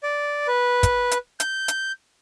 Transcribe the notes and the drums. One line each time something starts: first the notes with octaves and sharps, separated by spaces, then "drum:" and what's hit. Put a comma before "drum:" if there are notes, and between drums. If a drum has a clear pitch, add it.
D5
B4
drum: kick, hi-hat
drum: hi-hat
G6, drum: hi-hat
drum: hi-hat